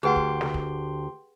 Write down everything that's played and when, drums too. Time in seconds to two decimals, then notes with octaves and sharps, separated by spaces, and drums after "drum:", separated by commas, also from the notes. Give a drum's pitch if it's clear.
0.03 D2 G4 G#4 B4 F#5 G5 C6
0.16 drum: kick
0.41 drum: snare
0.54 drum: kick